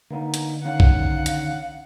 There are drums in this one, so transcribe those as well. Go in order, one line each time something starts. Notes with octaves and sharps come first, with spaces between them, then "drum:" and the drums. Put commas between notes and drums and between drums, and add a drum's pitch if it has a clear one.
D3 A#3 B3 D#4
drum: hi-hat
D#3 C#4 F5 F#5
drum: kick B1
drum: hi-hat